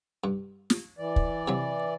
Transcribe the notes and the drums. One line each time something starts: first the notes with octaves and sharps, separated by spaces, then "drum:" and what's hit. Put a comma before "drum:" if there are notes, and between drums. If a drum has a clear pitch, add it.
G2
drum: snare
E3 D5
drum: kick
C3 F#3